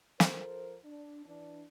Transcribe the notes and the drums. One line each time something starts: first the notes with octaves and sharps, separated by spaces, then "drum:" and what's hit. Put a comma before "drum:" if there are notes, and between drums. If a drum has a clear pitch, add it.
F3 A4 A#4 C5, drum: snare
D4
E3 D4